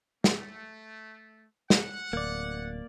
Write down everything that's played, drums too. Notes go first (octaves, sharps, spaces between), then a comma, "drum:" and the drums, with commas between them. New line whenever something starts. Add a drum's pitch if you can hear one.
A3, drum: snare
F#5, drum: snare
D1 A#3 D5